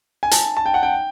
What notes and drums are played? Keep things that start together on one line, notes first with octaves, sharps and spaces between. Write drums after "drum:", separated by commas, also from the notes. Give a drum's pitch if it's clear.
G#5
A5, drum: hi-hat
A5
G5
F#5
G5